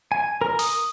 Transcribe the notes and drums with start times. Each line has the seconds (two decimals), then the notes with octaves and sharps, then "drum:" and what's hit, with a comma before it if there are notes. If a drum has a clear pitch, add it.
0.12 G#5
0.41 A#4
0.59 D#6, drum: open hi-hat